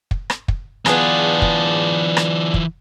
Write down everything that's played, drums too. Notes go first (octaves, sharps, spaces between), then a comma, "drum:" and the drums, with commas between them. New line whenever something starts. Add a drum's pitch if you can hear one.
drum: kick
drum: rim click
drum: kick
E3 B3 D4 F4 G#4, drum: rim click
drum: kick
drum: rim click
drum: kick